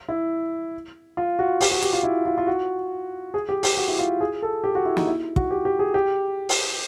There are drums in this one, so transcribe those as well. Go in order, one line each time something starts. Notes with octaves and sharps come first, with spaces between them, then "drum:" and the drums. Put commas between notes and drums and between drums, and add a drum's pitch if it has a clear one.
E4
F4
F#4
G4, drum: open hi-hat
F#4
G4, drum: hi-hat
F4
E4
F4
F4
F#4
G#4
G4
G4, drum: open hi-hat
F#4
E4
F4
G#4
A4
G4
F#4
E4
D#4, drum: snare
E4
F#4, drum: kick
G4
G4
G#4
G4
drum: open hi-hat